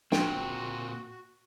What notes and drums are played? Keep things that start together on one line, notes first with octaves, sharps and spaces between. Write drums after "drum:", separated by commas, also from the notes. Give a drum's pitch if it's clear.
A#2 C4 F#4 G5, drum: snare